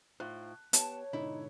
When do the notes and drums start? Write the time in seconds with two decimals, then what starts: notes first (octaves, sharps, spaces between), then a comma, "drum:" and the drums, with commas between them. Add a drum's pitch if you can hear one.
0.20 A2 D#4 F4 C5 F#6
0.73 B3 G4 C#5 A5, drum: hi-hat
1.13 G#2 B2 D3 D#4 E4